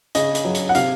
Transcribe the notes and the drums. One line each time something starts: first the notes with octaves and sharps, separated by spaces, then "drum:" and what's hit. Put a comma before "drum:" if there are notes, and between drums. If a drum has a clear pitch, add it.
C#3 D#5, drum: hi-hat
drum: hi-hat
F#3
drum: hi-hat
F#5
C3 F5, drum: hi-hat